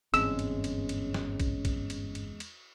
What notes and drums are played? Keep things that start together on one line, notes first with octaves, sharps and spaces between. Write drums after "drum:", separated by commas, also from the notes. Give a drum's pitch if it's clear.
G1 E2 G#2 G#3 C4 C#4 E6, drum: cymbal
drum: cymbal
drum: cymbal
drum: cymbal
drum: snare
drum: kick A#1, cymbal
drum: kick A#1, cymbal
drum: cymbal
drum: cymbal
drum: cymbal